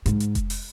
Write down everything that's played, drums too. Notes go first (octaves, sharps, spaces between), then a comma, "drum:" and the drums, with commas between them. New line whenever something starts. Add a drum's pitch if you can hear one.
G#2, drum: hi-hat
drum: hi-hat
drum: kick F1, hi-hat
drum: open hi-hat